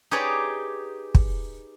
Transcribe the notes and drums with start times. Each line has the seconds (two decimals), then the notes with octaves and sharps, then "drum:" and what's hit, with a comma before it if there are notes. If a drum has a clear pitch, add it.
0.11 D#4 G4 G#4 B4 C#5 D5
1.15 drum: kick